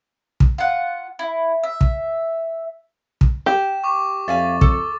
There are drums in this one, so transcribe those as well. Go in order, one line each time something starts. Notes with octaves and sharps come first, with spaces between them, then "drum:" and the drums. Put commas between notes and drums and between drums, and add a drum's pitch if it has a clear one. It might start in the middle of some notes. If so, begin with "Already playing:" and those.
drum: kick
F4 F#5
E4
E5
drum: kick
drum: kick
G4 E7
C#6 D6
F2 E5 F5 G#5 A6
A4, drum: kick